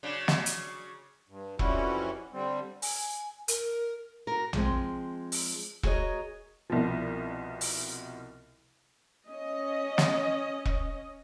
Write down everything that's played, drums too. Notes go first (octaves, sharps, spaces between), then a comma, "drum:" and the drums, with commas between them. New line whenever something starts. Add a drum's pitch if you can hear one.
C#3 F#3 D4
drum: snare
drum: hi-hat
G2
F2 E3 G3 C#4 E4 F#4, drum: kick E1
D3 G3 C4
G#5, drum: open hi-hat
A#4, drum: hi-hat
F#4 A#4
F3 G#3 C4, drum: tom A#1
drum: open hi-hat
F#4 G#4 A#4 C#5 D#5, drum: kick E1
C2 B2 F3
drum: open hi-hat
C#4 D#5
drum: snare
drum: kick E1